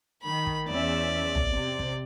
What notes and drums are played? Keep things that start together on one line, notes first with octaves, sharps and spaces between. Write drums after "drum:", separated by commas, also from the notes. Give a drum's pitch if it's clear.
D#3 B5
drum: kick
E2 C#4 D5 E5
drum: tom
C3
drum: kick